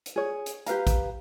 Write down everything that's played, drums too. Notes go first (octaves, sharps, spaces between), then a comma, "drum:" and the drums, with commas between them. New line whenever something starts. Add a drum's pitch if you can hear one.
drum: hi-hat
G#4 C#5
drum: hi-hat
G4 B4 F5 A#5, drum: hi-hat
drum: kick, hi-hat